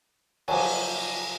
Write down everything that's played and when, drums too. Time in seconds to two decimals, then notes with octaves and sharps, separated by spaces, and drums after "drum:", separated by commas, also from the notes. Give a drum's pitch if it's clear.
0.48 F3 F#3 G#5 A5 D6, drum: cymbal